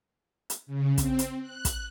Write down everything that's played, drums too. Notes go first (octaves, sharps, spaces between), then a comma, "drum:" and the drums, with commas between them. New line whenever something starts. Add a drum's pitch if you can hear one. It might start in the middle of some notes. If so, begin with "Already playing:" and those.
drum: hi-hat
C#3
C4, drum: kick, hi-hat
drum: hi-hat
F#6
drum: kick, hi-hat